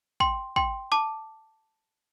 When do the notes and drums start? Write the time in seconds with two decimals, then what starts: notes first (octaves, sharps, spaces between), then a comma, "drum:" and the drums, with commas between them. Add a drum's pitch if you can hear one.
0.20 G5 C6, drum: kick
0.56 G5 C6, drum: kick
0.92 A5 D6